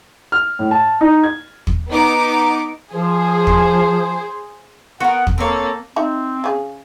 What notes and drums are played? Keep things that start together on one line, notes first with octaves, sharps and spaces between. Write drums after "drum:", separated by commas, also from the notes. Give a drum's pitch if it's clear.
F6
A2
A5
D#4
G#6
drum: kick
B3 D#4 D6
F3 G#4 C5
drum: kick
B3 F#4 A#4 F#5
drum: kick
A#3 C4 A4 C#5
C4 D#4 E5
C#3 G#4